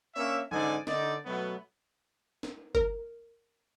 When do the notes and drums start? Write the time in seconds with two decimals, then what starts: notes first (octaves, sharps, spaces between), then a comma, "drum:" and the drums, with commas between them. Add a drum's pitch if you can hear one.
0.16 A#3 C#4 D4 C#5 E5
0.52 G#2 D3 C#4 D#4 D5 G#5, drum: tom E3
0.87 D3 D#4 D5, drum: snare
1.26 B2 F#3 A3 B3
2.43 drum: snare
2.75 A#4, drum: kick F#1